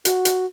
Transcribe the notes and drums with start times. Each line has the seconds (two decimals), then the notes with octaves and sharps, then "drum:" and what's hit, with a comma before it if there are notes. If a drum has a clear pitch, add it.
0.05 F#4, drum: hi-hat
0.25 drum: hi-hat